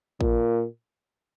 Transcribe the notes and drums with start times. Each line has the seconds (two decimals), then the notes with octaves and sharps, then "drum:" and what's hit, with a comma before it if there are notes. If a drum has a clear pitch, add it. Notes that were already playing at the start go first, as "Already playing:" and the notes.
0.21 A#2, drum: kick A1